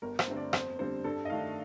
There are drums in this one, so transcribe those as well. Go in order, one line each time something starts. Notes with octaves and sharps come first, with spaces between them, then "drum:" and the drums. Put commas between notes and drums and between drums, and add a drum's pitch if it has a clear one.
G1 A#4
C5, drum: rim click
G2 D3 A3 C4
D5
F2 C5, drum: rim click
D3 G3 C4 C5
G2 A4
D#5
D#3 A3 D4 F5